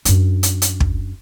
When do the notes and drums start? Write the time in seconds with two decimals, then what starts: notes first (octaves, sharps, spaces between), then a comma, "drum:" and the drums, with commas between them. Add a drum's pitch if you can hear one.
0.05 F#2 D4, drum: hi-hat
0.43 drum: hi-hat
0.62 drum: hi-hat
0.80 drum: kick